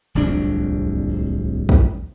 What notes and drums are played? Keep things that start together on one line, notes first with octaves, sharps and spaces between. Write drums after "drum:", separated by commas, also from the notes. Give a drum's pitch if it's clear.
D1 C2 F2 D4
drum: kick